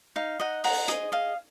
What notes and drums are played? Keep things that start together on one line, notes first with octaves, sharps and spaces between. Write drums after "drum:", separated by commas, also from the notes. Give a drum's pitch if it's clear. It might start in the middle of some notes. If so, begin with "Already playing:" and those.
D#4 F5
D#4 D#5 F#5
C5 F#5 A#5, drum: open hi-hat
G#4 D#5, drum: hi-hat
D#5 F5